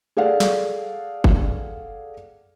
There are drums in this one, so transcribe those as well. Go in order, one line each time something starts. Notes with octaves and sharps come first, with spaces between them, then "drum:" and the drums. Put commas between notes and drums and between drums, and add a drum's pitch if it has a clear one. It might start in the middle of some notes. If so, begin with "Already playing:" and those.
G#4 A4 D5 F5 F#5
drum: snare
drum: kick G1